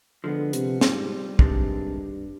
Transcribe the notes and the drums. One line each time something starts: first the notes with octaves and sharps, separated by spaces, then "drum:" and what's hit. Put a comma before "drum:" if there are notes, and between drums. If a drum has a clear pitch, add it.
D3 F3 G#3 B3
C3, drum: hi-hat
G#2 G3 C4 F4, drum: snare
G2 C3 D#3 G#3 D4, drum: kick